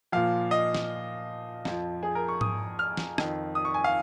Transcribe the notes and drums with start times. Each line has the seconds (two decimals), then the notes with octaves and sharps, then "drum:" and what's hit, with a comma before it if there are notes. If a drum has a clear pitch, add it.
0.12 A#2 F3 F5
0.51 D#5
0.75 drum: snare
1.65 F2 F3, drum: snare
2.03 G#4
2.15 A#4
2.28 C#6
2.41 D#6, drum: tom G#2
2.79 F6
2.97 drum: snare
3.18 F2 D#3, drum: rim click
3.55 D#6
3.65 C#6
3.74 G#5
3.84 F5